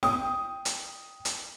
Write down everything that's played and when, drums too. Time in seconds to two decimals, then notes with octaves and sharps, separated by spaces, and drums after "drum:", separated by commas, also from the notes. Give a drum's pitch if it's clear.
0.03 G5 D#6, drum: snare
0.65 drum: hi-hat
1.25 drum: hi-hat